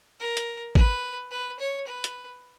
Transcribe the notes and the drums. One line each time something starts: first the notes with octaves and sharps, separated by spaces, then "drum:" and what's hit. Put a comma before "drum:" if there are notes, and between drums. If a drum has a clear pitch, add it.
A#4
drum: hi-hat
B4, drum: kick
B4
C#5
B4
drum: hi-hat